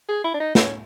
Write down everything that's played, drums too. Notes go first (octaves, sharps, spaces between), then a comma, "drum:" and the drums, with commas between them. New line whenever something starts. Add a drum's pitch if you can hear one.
G#4
E4
D4
D#4
C#4, drum: snare